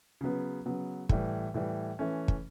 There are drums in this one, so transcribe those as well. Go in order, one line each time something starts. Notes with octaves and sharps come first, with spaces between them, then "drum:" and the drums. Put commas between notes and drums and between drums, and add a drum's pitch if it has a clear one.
C#3 F#3 B3
C#3 F#3 B3
A2 E3 G3, drum: kick
A2 E3 G3
E3 A3 C#4
drum: kick